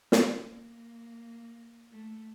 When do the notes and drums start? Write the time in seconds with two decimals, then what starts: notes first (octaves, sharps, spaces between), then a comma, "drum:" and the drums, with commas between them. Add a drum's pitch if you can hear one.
0.12 C#4, drum: snare
0.42 A#3
1.92 A3